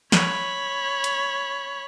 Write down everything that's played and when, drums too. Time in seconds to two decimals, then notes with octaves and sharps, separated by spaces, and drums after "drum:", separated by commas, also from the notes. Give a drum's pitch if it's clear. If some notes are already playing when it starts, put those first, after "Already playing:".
0.12 C#5 B5, drum: snare
1.04 drum: hi-hat